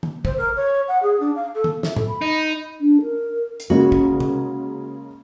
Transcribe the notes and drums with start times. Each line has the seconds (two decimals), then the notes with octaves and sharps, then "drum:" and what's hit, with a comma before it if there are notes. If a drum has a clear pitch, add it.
0.03 drum: tom
0.25 C5, drum: kick
0.38 A#4
0.56 C#5
0.88 F#5
1.03 G#4
1.20 D4
1.36 F5
1.55 A4
1.64 drum: tom
1.83 E5, drum: snare
1.96 A4, drum: tom
2.08 B5
2.22 D#4
2.81 D4
3.02 A#4
3.60 drum: hi-hat
3.70 C#3 G#3 A#3 F#4
3.92 drum: kick
4.20 drum: tom